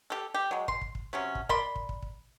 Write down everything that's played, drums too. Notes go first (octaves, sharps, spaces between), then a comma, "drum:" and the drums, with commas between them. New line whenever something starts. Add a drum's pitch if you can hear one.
G4 A4
G4
F#3 G#3
C6, drum: kick
drum: kick
drum: kick
C3 F#3 C#4
drum: kick
A#4 D5 B5 C6, drum: kick
drum: kick
drum: kick
drum: kick